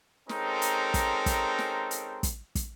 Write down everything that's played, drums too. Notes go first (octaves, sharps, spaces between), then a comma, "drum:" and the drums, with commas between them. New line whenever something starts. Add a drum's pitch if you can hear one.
G#3 C4 C#4 D#4 A4 A#4, drum: snare
drum: hi-hat
drum: kick, hi-hat
drum: kick, hi-hat
drum: snare
drum: hi-hat
drum: kick, hi-hat
drum: kick, hi-hat